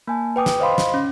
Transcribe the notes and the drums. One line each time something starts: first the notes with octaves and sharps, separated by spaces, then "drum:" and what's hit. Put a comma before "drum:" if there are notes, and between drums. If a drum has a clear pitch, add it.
A#3 G#5 A5
B4 G5 D6 D#6
drum: snare
C5 D#5 F5 B5 C6
drum: snare
C#4